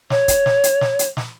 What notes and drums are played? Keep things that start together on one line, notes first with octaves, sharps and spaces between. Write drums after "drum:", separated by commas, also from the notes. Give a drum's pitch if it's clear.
C#5, drum: snare
drum: kick, hi-hat
drum: snare
drum: hi-hat
drum: snare
drum: hi-hat
drum: snare